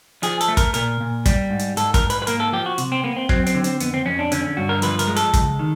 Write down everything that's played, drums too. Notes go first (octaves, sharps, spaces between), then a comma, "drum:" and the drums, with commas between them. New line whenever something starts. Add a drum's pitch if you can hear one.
F3 G#4, drum: hi-hat
A4, drum: hi-hat
A3
A#4, drum: kick, hi-hat
A#2 A#4, drum: hi-hat
A#2
G3, drum: kick, hi-hat
G#2
drum: hi-hat
G#2 A4, drum: hi-hat
A#4, drum: kick, hi-hat
G#2
B4, drum: hi-hat
B4
A#3 A#4, drum: hi-hat
A4
F3 G4
F#4
C3, drum: hi-hat
C4
A#3 B3
C4
F#3 C4, drum: kick
C4, drum: hi-hat
D3
C4, drum: hi-hat
F2 B3, drum: hi-hat
C4
F2 C#4
D4
D3 C#4, drum: hi-hat
C#4
G2 F#4
A#4
F3 B4, drum: hi-hat
A#4, drum: hi-hat
G#3
A4, drum: hi-hat
C#2, drum: kick, hi-hat
D#3